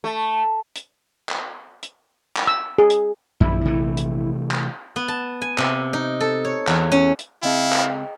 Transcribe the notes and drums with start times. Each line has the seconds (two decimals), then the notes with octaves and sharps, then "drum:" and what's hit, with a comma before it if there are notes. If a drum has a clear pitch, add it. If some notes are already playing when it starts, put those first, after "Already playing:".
0.04 A3
0.76 drum: hi-hat
1.29 drum: clap
1.83 drum: hi-hat
2.36 drum: clap
2.47 E6
2.78 G#4
2.90 drum: hi-hat
3.40 A#1 F#2 A#2 D#3 E4
3.65 C3 E3 A3
3.97 drum: hi-hat
4.51 drum: clap
4.96 B3
5.08 A5
5.42 G#5
5.58 C3, drum: clap
5.93 D#4
6.20 A4
6.45 C#5
6.67 E2, drum: clap
6.92 C#4
7.19 drum: hi-hat
7.43 C#2 C4 E4 G#4 D#5 F5 G5 A5
7.73 drum: clap